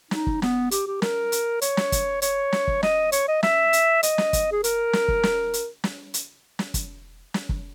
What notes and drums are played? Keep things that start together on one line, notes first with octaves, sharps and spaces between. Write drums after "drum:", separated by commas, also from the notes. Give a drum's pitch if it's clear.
D#4, drum: snare
drum: kick
B3, drum: snare
G4, drum: hi-hat
G4
A#4, drum: snare
drum: hi-hat
C#5, drum: hi-hat
drum: snare
drum: kick, hi-hat
C#5, drum: hi-hat
drum: snare
drum: kick
D#5, drum: snare
C#5, drum: hi-hat
D#5
E5, drum: snare
drum: hi-hat
D#5, drum: hi-hat
drum: snare
drum: kick, hi-hat
G#4
A#4, drum: hi-hat
drum: snare
drum: kick
drum: snare
drum: hi-hat
drum: snare
drum: hi-hat
drum: snare
drum: kick, hi-hat
drum: snare
drum: kick